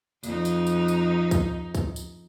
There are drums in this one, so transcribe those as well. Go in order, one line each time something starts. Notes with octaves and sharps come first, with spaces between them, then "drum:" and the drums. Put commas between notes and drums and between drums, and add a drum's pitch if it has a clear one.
F2 D#4, drum: tambourine
drum: tambourine
drum: tambourine
drum: tambourine
drum: kick, tambourine
drum: kick, tambourine
drum: tambourine